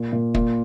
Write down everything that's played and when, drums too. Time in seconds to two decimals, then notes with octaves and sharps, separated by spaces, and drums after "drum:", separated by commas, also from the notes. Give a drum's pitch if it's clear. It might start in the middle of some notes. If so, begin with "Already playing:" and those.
Already playing: A#2
0.13 A#2
0.34 A#2, drum: kick